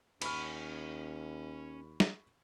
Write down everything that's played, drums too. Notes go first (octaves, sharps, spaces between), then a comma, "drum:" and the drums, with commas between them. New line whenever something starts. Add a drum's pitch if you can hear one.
D#2 C#4 G#5 B5 C#6 F6, drum: cymbal
drum: snare